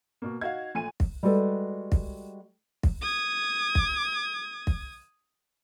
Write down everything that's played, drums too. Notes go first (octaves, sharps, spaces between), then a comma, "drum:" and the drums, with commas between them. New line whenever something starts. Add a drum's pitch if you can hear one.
B2 A#3
D#4 F#4 F5 G#6
A#1 A3 G#5 D#7
drum: kick
G3 G#3 F#4 A4 B4
drum: kick
drum: kick
D#6 G#6
drum: kick
drum: kick